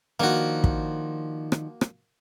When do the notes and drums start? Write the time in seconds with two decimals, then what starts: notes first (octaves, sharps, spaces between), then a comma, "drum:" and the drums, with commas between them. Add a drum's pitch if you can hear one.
0.20 D#3 F3 A#3 D4 F#4
0.64 drum: kick
1.52 drum: rim click
1.81 drum: rim click